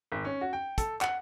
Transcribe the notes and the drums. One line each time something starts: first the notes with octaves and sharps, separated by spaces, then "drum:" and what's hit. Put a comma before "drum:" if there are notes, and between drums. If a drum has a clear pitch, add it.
G#1
C#4
F#4
G5
A4, drum: kick, hi-hat
F#5, drum: clap